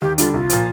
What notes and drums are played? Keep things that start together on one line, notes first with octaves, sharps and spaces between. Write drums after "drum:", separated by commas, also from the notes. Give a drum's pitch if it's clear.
D#2 G4
D3 G3 D4 F4, drum: hi-hat
C2 F4
A#2 F3, drum: hi-hat